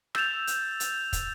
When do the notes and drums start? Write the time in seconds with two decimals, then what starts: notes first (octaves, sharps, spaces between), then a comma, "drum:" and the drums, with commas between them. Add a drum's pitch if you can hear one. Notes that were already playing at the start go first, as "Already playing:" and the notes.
0.15 E6 G6 A6 E7 F7, drum: rim click
0.47 drum: hi-hat
0.80 drum: hi-hat
1.13 drum: kick, hi-hat